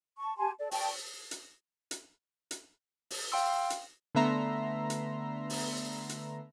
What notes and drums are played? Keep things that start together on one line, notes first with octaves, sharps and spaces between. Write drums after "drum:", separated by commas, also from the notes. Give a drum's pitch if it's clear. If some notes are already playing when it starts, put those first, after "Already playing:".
A5 C#6
G4 G#5 A5 C6
A4 D5
D5 G5 A5 C#6, drum: open hi-hat
drum: hi-hat
drum: hi-hat
drum: hi-hat
drum: open hi-hat
F5 G5 C6 E6
drum: hi-hat
D3 A3 B3 E5 A#5 C6
drum: hi-hat
drum: open hi-hat
drum: hi-hat